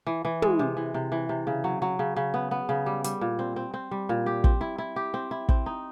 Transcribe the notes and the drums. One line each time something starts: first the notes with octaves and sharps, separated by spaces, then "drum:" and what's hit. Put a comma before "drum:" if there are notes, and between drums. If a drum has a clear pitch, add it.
E3
E3
G#3, drum: tom
C3
E3
C3
E3
C3
C#3
F#3
F#3
C#3
C#3
B3
B3
C#3
G3
G3, drum: hi-hat
A#2
C4
C4
C4
G3
A#2
G4
C4, drum: kick
E4
E4
G4
C4
E4
C4, drum: kick
D#4